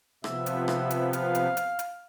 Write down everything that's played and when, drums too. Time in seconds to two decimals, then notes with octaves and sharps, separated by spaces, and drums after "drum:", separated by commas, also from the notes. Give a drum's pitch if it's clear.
0.24 C3 F3 B3 E5, drum: rim click
0.46 drum: hi-hat
0.68 E5, drum: rim click
0.90 drum: hi-hat
1.13 F5, drum: hi-hat
1.35 drum: hi-hat
1.57 drum: hi-hat
1.79 drum: hi-hat